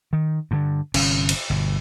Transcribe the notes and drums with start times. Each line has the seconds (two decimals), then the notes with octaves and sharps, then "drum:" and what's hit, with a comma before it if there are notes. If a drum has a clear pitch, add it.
0.13 D#3
0.51 G2 D3
0.94 G1 C3 C#4, drum: cymbal
1.29 drum: cymbal
1.50 G1 B2